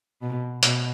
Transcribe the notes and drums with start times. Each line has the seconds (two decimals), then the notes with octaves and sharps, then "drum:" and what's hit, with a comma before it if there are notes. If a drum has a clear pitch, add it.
0.22 B2
0.63 B2, drum: hi-hat